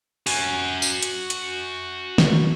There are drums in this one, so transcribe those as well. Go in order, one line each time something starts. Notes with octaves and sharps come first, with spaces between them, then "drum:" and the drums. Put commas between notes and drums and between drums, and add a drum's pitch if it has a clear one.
F#4 G#5, drum: open hi-hat
drum: tambourine
drum: hi-hat
drum: hi-hat
drum: snare